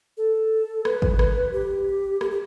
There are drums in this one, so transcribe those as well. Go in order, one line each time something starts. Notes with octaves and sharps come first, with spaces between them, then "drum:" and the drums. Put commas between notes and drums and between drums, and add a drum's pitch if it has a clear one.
A4
B4, drum: rim click
drum: kick G#1
drum: rim click
G4
G4, drum: rim click
G4